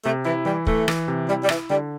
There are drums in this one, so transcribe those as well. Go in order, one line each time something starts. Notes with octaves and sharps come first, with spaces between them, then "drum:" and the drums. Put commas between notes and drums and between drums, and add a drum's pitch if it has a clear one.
C3 A3
E3 E4
E3 G3
E3 A3, drum: kick
E3, drum: rim click
C3
G3 E4
G3
E3 E4, drum: rim click
D3 G3